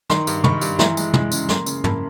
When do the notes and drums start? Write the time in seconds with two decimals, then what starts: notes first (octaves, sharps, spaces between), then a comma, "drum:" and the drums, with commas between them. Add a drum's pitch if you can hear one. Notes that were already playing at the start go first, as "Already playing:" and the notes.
0.10 D#3 A#5 C6, drum: snare
0.27 G2, drum: tambourine
0.44 D#3 B5 C#6, drum: tom
0.61 G2, drum: tambourine
0.79 E3 A#5 C6, drum: snare
0.97 G#3, drum: tambourine
1.14 G#3, drum: tom
1.32 C#3, drum: tambourine
1.49 A#3 A#5 C6, drum: snare
1.66 C#3, drum: tambourine
1.84 A#3 A5 B5, drum: tom